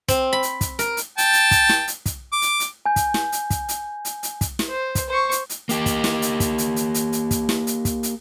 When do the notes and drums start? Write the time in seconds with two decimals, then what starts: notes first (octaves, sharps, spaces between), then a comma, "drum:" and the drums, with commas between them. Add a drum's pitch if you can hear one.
0.08 C4, drum: kick, hi-hat
0.33 B5
0.43 drum: hi-hat
0.61 drum: kick, hi-hat
0.79 A#4, drum: hi-hat
0.97 drum: hi-hat
1.18 G5 A5, drum: hi-hat
1.33 drum: hi-hat
1.51 drum: kick, hi-hat
1.69 drum: snare
1.87 drum: hi-hat
2.06 drum: kick, hi-hat
2.33 D6
2.42 drum: hi-hat
2.60 drum: hi-hat
2.86 G#5 G6
2.96 drum: kick, hi-hat
3.14 drum: snare
3.32 drum: hi-hat
3.50 drum: kick, hi-hat
3.69 drum: hi-hat
4.05 drum: hi-hat
4.23 drum: hi-hat
4.41 drum: kick, hi-hat
4.59 drum: snare
4.69 C5
4.95 drum: kick, hi-hat
5.09 C5 C#6
5.31 drum: hi-hat
5.50 drum: hi-hat
5.69 A#3 G4, drum: hi-hat
5.86 drum: kick, hi-hat
6.04 drum: snare
6.22 drum: hi-hat
6.40 drum: kick, hi-hat
6.58 drum: hi-hat
6.76 drum: hi-hat
6.94 drum: hi-hat
7.13 drum: hi-hat
7.31 drum: kick, hi-hat
7.49 drum: snare
7.67 drum: hi-hat
7.85 drum: kick, hi-hat
8.03 drum: hi-hat